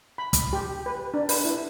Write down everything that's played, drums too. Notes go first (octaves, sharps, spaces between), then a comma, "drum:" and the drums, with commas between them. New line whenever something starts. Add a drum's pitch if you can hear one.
B5
drum: kick, hi-hat
G4
B4
D4
B4, drum: open hi-hat
E4